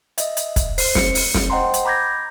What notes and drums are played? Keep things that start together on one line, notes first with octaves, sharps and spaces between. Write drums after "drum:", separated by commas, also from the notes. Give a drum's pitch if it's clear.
D#5 E5, drum: hi-hat
drum: hi-hat
drum: kick, hi-hat
C5 C7, drum: open hi-hat
C#7, drum: snare
drum: open hi-hat
drum: snare
C5 D#5 F#5 G5 A#5 C6
drum: hi-hat
A#5 B5 D6 G6 G#6 A#6